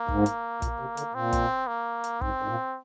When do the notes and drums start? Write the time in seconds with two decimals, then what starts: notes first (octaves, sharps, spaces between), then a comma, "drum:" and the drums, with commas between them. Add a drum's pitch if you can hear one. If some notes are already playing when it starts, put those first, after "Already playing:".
Already playing: A#3
0.08 G#2, drum: kick
0.26 drum: hi-hat
0.62 A#2, drum: kick, hi-hat
0.80 C3
0.97 D3, drum: hi-hat
1.14 A#2 C4
1.33 drum: kick, hi-hat
1.68 A#3
2.04 drum: hi-hat
2.21 G#2 C4, drum: kick
2.42 G#2
2.48 A#2